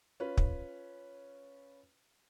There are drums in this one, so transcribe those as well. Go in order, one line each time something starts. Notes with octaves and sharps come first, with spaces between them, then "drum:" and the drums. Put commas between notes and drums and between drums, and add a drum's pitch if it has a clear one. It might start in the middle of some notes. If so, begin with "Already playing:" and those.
C#4 F4 B4
drum: kick